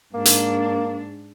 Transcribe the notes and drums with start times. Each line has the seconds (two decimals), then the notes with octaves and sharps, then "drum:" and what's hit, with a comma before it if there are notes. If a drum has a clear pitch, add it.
0.14 G#2 A#3 D4
0.25 drum: hi-hat